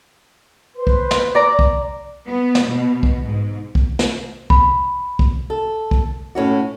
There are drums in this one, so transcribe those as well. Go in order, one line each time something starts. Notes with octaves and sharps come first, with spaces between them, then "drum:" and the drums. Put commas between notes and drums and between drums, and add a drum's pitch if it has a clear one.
B4 C5 C6
drum: kick
drum: snare
D5 A#5 D6
drum: kick
B3
drum: snare
B2
drum: kick
G#2
drum: kick
drum: snare
B5, drum: kick
drum: kick
A4
drum: kick
A2 C#4 E4 F#4